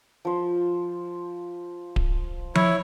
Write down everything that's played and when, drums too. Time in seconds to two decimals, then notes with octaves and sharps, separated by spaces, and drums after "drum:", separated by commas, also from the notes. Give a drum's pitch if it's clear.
0.25 F3 C5
1.96 drum: kick D1
2.55 E4 C#5, drum: tom F3